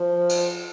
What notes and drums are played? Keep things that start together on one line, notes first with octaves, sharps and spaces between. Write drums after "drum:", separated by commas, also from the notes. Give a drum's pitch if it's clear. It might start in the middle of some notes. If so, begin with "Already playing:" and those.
Already playing: F3
drum: cymbal